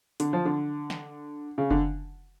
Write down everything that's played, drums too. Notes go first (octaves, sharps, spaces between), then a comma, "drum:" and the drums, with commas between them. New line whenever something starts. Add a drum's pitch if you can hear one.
D3, drum: hi-hat
F3
D3
drum: snare
C#3
D3, drum: kick F1